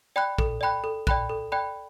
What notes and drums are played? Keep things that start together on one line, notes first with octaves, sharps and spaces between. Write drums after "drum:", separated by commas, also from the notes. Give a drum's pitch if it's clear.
D5 G5 B5 F#6
A4, drum: kick A#1
D5 G5 B5 F#6
A4
D5 G5 B5 F#6, drum: kick A#1
A4
D5 G5 B5 F#6